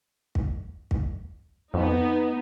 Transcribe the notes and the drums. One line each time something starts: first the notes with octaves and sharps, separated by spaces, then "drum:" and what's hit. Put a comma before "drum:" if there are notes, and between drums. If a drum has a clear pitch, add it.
drum: kick
drum: kick
F2 B3 D#4